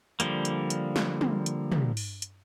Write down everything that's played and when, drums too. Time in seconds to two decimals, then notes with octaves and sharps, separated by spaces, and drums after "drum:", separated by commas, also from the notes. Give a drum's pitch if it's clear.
0.20 D3 F3 G3 A#3, drum: hi-hat
0.45 drum: hi-hat
0.70 drum: hi-hat
0.96 drum: snare
1.21 drum: tom
1.46 drum: hi-hat
1.72 drum: tom
1.97 drum: open hi-hat
2.22 drum: hi-hat